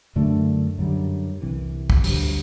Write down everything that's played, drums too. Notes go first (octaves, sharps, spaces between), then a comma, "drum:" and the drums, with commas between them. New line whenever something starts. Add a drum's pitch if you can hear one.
F#2 D3 A3 D4
F#2 D3 G3
C2 C3 E3
drum: kick
D2 D3 G3, drum: open hi-hat